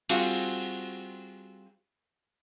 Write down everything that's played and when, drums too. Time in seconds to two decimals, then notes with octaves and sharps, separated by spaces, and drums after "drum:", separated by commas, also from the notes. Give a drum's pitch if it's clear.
0.09 G3 C4 F4 F#4 G#4, drum: cymbal